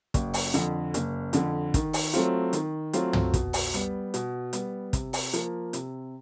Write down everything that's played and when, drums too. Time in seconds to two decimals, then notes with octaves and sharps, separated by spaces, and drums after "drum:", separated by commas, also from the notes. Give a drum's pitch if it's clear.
0.14 F#1, drum: kick, hi-hat
0.34 drum: open hi-hat
0.54 F2 D3, drum: hi-hat
0.94 F#1, drum: hi-hat
1.33 F2 D3, drum: hi-hat
1.74 D#3, drum: kick, hi-hat
1.93 drum: open hi-hat
2.14 F#3 A3 C4 F4, drum: hi-hat
2.53 D#3, drum: hi-hat
2.93 F#3 A3 C4 F4, drum: hi-hat
3.13 drum: tom
3.34 B2, drum: kick, hi-hat
3.53 drum: open hi-hat
3.74 G3 B3, drum: hi-hat
4.14 B2, drum: hi-hat
4.53 G3 B3, drum: hi-hat
4.93 C3, drum: kick, hi-hat
5.13 drum: open hi-hat
5.33 F3 A#3, drum: hi-hat
5.73 C3, drum: hi-hat